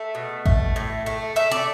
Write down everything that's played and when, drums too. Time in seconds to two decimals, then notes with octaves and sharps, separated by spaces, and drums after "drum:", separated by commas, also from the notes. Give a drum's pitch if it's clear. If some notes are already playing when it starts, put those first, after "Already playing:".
Already playing: A3 E5
0.15 B2
0.46 A3, drum: kick A1
0.76 A2
1.06 A3
1.36 A3 E5
1.51 D5